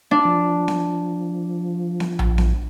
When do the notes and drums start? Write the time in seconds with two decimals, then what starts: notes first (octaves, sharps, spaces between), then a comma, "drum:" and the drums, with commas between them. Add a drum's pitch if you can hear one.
0.11 D4
0.25 F3
0.68 drum: snare B3
2.00 drum: snare B3
2.19 drum: tom A#1
2.38 drum: snare B3